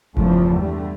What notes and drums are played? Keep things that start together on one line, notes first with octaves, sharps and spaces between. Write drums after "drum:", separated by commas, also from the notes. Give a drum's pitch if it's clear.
E2 G2 C#3 F3 A3, drum: kick F#1
D3 G3 A3